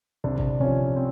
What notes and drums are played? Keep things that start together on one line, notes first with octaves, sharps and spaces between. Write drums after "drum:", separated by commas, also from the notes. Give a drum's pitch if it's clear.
C2 D4
drum: kick A1
C3 F3 C#4
C4